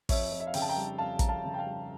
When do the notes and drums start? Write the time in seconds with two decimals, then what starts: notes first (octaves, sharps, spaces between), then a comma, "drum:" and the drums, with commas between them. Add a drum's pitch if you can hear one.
0.09 F2 C#5 E5, drum: kick, open hi-hat
0.31 F2
0.40 E5
0.47 F5
0.54 C#3 G5, drum: open hi-hat
0.62 A5
0.69 G5 A#5
0.76 G3
0.98 F2 F5 A5
1.19 F2 A#5, drum: kick, hi-hat
1.29 F5 A5
1.44 C#3
1.54 G5
1.59 F5 A5
1.65 G3